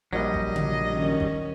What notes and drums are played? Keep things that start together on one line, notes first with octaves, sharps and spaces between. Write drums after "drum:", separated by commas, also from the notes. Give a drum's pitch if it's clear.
A#1 F#3 G3 D#5
drum: kick
drum: tom C#3
D#3 C#4
drum: kick